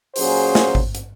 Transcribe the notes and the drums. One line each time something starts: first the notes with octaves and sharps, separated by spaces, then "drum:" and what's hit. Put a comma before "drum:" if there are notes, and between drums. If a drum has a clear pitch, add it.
A#2 F#3 C#4 G#4 C5, drum: open hi-hat
drum: snare
drum: kick G#1
drum: hi-hat